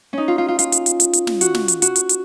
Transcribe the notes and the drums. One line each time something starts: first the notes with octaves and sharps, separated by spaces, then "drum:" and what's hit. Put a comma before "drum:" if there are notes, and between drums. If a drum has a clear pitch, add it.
C#4 D#4
F4
F4
F4
F4, drum: hi-hat
drum: hi-hat
drum: hi-hat
drum: hi-hat
drum: hi-hat
drum: snare
F#4, drum: hi-hat
drum: snare
drum: hi-hat
F#4, drum: hi-hat
drum: hi-hat
drum: hi-hat